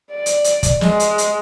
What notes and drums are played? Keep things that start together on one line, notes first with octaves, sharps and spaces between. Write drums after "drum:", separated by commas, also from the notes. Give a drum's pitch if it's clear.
D5
drum: hi-hat
drum: hi-hat
drum: kick, hi-hat
G#3, drum: snare
drum: hi-hat
drum: hi-hat